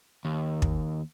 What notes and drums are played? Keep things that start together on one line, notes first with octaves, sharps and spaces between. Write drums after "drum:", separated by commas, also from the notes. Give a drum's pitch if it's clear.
D#2
drum: kick